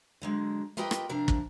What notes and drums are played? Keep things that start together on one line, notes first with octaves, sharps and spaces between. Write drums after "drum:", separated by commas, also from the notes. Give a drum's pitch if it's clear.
D3 F#3 G#3
F4 G4 A#4 B4 D#5 G5
drum: rim click
C3 F3 D4 A#4
drum: kick